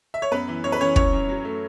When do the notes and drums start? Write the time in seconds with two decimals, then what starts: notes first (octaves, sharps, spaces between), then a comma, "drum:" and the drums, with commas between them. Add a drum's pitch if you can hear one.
0.14 E5
0.22 C#5
0.31 F#2 B3 B4
0.48 E3
0.64 F#2 C#5
0.72 B4
0.80 E3 C#4 C#5
0.96 F#2 C#4 C#5, drum: kick
1.13 F#2
1.28 F#3
1.45 A3